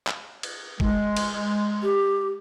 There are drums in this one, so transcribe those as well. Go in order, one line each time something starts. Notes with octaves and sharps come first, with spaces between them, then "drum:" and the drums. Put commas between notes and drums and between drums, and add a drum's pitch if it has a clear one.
drum: clap
drum: cymbal
G#3, drum: kick
drum: cymbal
G4